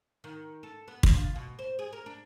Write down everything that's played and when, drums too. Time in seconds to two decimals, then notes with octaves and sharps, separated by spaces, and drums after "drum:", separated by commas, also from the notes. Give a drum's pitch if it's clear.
0.24 D#3
0.63 A4
0.88 B3
1.03 G2, drum: kick
1.16 F4
1.36 B2
1.59 C5
1.79 G#4
1.93 A#4
2.06 D4